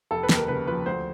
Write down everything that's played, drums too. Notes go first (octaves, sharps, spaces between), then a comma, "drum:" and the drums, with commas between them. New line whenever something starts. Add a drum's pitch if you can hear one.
F1 A4
B4
D#2, drum: snare
A#4
C#3 B4
F3 B4
D2 C5